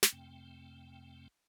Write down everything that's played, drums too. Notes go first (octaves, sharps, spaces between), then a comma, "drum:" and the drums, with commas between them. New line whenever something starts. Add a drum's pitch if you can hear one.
drum: snare
F2 C3 A3 C4 G5